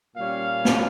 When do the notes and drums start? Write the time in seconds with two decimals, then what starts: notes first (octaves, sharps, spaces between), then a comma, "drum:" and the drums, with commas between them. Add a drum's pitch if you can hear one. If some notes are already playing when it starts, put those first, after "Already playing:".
0.15 A#2 G3 C#4 F5
0.65 drum: snare